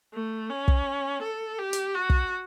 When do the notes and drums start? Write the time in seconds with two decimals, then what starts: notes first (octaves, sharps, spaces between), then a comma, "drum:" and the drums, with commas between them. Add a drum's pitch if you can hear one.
0.14 A3
0.51 C#4
0.68 drum: kick
1.22 A4
1.59 G4
1.73 drum: hi-hat
1.95 F#4
2.10 drum: kick